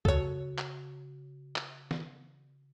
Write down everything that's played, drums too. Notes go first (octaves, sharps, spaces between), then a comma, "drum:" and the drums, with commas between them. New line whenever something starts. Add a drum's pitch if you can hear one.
C#3 F#4 A4 C#5, drum: kick C#2
drum: clap
drum: clap
drum: snare